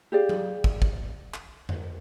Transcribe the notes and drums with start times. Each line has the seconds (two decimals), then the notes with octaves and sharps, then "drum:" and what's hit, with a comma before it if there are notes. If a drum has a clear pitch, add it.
0.12 G4 G#4 D5 F5
0.29 drum: tom F#3
0.64 drum: kick
0.82 drum: kick
1.34 drum: clap
1.69 drum: tom F2